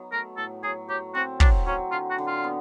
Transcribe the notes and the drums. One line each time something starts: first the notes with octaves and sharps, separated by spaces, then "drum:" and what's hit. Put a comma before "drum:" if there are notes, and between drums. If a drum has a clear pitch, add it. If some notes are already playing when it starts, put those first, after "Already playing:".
Already playing: F#3 B3 D#4
A3 A#4
A2 A4
F#3 G#4
F#3 G4
C4 F#4
F#3 D4, drum: kick
F#3 C#4
D3 F4
F#4
D3
F4
B3